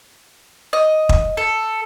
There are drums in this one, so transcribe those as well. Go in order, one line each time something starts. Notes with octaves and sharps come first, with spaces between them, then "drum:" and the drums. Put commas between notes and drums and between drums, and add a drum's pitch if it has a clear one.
D#5
drum: kick
A4